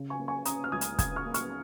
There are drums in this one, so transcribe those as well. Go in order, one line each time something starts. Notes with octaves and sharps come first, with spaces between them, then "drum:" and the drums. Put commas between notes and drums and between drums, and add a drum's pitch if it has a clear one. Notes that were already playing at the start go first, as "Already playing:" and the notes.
Already playing: C#3
G#5 C#6
A#3
G#5 C#6
C#4 A#5 D#6, drum: hi-hat
F6
C#2 D#6 G#6
drum: hi-hat
C#3 D#6 G#6, drum: kick, hi-hat
C#6 F6
A#3
C#6 F6, drum: hi-hat